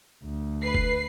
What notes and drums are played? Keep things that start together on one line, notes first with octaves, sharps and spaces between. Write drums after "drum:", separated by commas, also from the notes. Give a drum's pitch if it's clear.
D2
B4 C7
drum: kick F1